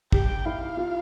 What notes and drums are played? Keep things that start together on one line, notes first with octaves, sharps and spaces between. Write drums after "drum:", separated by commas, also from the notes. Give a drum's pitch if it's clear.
G4 G5, drum: kick
E4 F5
F4